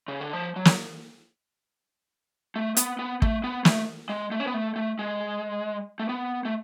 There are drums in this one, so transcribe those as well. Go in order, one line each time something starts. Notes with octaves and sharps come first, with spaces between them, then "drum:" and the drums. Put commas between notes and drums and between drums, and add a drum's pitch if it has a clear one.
C#3
D3
F3
F#3
drum: snare
A3
B3, drum: hi-hat
B3
A3, drum: kick
B3
A3, drum: snare
G#3
A3
C#4
B3
A3
A3
G#3
A3
B3
A3